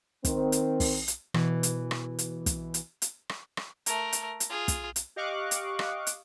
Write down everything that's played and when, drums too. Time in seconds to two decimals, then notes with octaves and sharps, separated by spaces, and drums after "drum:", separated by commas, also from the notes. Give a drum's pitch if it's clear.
0.25 D#3 C4, drum: kick, hi-hat
0.52 drum: hi-hat
0.80 drum: kick, open hi-hat
1.08 drum: hi-hat
1.34 B2 E3, drum: rim click
1.63 drum: hi-hat
1.91 drum: rim click
2.19 drum: hi-hat
2.46 drum: kick, hi-hat
2.74 drum: hi-hat
3.02 drum: hi-hat
3.29 drum: rim click
3.57 drum: rim click
3.86 A3 A#4, drum: hi-hat
4.13 drum: hi-hat
4.40 drum: hi-hat
4.50 F4 G#4
4.68 drum: kick, hi-hat
4.96 drum: hi-hat
5.16 G4 D#5 F5 C#6 D6 F#6
5.51 drum: hi-hat
5.79 drum: rim click
6.07 drum: hi-hat